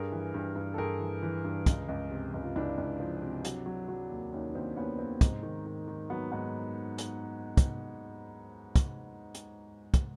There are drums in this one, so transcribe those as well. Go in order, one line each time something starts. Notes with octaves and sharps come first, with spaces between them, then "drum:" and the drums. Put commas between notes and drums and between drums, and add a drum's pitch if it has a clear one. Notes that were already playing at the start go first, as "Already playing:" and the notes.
Already playing: G2 G#4 A#4
E3
G2
G2
A4
G2 G#4 A#4
E3
E3
G2
C#2, drum: kick, hi-hat
C#2
C3
C#2
F4
C#2 D4 E4
C#2
F3
C3
F#3, drum: hi-hat
F#3
F#3
D#2
D#2 C#4 D#4
D#4
D#2 C4 D4
D#2 B3 C#4
D#2 C4
G#2, drum: kick, hi-hat
D#3
D#3
D#3
F#3 B3
G#2 B3
drum: hi-hat
drum: kick, hi-hat
drum: kick, hi-hat
drum: hi-hat
drum: kick, hi-hat